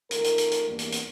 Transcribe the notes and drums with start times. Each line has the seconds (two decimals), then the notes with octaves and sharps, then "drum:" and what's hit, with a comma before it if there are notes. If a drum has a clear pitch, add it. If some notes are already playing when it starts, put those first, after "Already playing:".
0.11 D#3 A3 F4 A#4, drum: hi-hat
0.24 drum: hi-hat
0.38 drum: hi-hat
0.51 drum: hi-hat
0.69 E2 G2 A#3
0.79 drum: hi-hat
0.92 drum: hi-hat